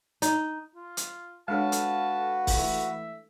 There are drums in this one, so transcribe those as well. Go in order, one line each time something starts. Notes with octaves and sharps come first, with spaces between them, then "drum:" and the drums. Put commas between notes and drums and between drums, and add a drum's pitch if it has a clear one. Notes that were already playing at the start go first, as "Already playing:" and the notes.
D#4, drum: hi-hat
F4
drum: hi-hat
G#3 D4 F#4 A4 B4 C#5 F5 A5
drum: hi-hat
drum: kick C#1, open hi-hat
E3 A3 E5